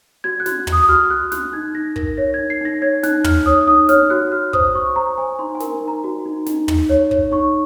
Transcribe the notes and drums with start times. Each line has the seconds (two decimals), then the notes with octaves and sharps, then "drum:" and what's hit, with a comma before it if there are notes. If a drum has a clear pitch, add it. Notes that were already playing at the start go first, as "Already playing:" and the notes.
0.24 F#4 G#6
0.40 F#6
0.46 F#4, drum: snare
0.67 F#4, drum: tom
0.72 D#6
0.83 D#6
0.89 F#4 F6
1.10 F#4 F#6
1.32 F#4 F#6, drum: snare
1.53 D#4 G#6
1.74 D#4 A#6
1.96 A#4 A#6, drum: kick
2.17 C#5 A#6
2.34 D#4 G#6
2.50 C7
2.61 D#4 A#6
2.82 C#5 G#6
3.03 D#4 F#6, drum: snare
3.24 D#4 F6, drum: tom
3.46 C#5 D#6
3.67 D#4 D#6
3.89 C#5 F6, drum: snare
4.10 F#4 F#6
4.32 F#4 F6
4.53 C5 D#6, drum: kick
4.74 F#4 C#6
4.96 C5 A#5
5.17 C5 G#5
5.39 D#4 C6
5.55 G#5
5.60 A#4, drum: snare
5.82 D#4
5.88 A#5
6.04 F#4
6.26 D#4
6.46 D#4, drum: snare
6.68 D#4, drum: tom
6.89 C#5
7.11 C#5, drum: kick
7.32 D#4 C#6